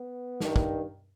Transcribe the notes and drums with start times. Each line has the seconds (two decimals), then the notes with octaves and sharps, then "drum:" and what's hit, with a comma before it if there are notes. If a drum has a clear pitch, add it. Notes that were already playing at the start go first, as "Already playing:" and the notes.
Already playing: B3
0.40 G2 D#3, drum: snare
0.56 drum: kick